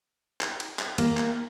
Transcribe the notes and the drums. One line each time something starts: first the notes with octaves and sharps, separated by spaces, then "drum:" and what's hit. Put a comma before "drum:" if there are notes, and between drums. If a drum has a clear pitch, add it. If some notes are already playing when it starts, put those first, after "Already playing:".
drum: clap
drum: cymbal
drum: clap
A#3, drum: cymbal
drum: clap